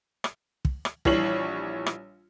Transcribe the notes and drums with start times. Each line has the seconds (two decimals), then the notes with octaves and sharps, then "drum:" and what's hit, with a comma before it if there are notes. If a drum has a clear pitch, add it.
0.24 drum: rim click
0.65 drum: kick
0.85 drum: rim click
1.05 A#1 E3 G3 C#5 C7 F#7, drum: kick
1.86 drum: rim click